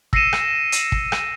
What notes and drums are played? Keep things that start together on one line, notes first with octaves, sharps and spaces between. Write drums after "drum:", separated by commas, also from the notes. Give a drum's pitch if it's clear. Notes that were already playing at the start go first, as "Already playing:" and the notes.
E6 A#6 C7 C#7 D#7 E7, drum: kick
drum: rim click
drum: hi-hat
drum: kick
drum: rim click